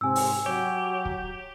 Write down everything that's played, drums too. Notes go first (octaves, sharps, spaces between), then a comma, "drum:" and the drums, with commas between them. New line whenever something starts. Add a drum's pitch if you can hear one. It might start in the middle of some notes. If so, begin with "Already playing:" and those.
G#2 C3 C4 G#5 E6
drum: open hi-hat
F#3 G4 C#5
drum: kick